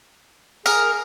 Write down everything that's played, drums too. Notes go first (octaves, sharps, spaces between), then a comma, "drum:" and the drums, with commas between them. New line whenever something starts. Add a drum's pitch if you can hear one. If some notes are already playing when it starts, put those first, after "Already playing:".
G#4 A#4, drum: tambourine